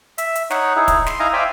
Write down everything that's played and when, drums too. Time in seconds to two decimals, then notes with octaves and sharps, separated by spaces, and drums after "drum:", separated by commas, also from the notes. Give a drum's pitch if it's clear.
0.18 E5, drum: hi-hat
0.35 drum: hi-hat
0.50 D#4 C#5 F#5, drum: snare
0.76 D#4 E4 G#4
0.88 drum: kick, hi-hat
1.06 C6, drum: snare
1.19 D#4 E4 D#5 F5 G#5 A#5
1.33 C5 D5 E5 F5 G5 G#5